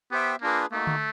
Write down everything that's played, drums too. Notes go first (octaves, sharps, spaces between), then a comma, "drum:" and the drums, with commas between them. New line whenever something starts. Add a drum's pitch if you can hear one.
B3 G4 C5 E5 G5
A#3 D4 F4 G#4 B4
A3 A#3 D#4 F#4
drum: tom D3